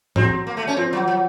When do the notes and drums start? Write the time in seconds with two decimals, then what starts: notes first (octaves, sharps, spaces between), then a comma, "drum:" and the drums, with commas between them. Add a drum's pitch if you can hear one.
0.16 F#3 C4, drum: tom A2
0.47 A#3
0.57 A3
0.67 C#4
0.77 F3 C4
0.93 F#3
1.07 F#3